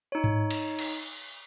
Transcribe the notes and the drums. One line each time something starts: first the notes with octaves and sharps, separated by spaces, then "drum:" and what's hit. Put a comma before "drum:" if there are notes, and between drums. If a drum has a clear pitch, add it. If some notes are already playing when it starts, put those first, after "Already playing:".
D#4 C#5
drum: tom G#2
drum: cymbal
drum: cymbal